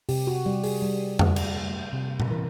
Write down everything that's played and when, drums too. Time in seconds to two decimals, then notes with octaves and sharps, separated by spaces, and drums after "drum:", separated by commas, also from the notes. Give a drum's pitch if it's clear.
0.09 C3 G4, drum: open hi-hat
0.27 F#4
0.46 G3 G4
0.64 G#4, drum: open hi-hat
0.82 G3
1.19 G3, drum: tom F2
1.36 drum: cymbal
1.57 G3
1.93 C3
2.20 drum: tom A#2
2.31 E3 A#4